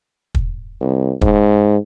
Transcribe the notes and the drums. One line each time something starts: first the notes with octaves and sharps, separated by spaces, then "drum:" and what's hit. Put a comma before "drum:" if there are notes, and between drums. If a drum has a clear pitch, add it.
drum: kick
C2
G#2, drum: kick